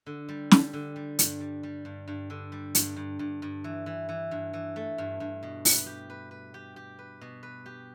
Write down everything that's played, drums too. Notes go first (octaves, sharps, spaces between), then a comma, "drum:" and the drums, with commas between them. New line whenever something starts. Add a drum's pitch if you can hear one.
D3
G3
G3, drum: snare
D3
G3
G2, drum: hi-hat
G3
G3
G2
G2
D3
G3
G2, drum: hi-hat
G2
G2
G2
E3
E3
E3
G2
E3
A3
G2
G2
B2
B4, drum: open hi-hat
G4
B4
B4
G4
G4
B4
B2
B4
G4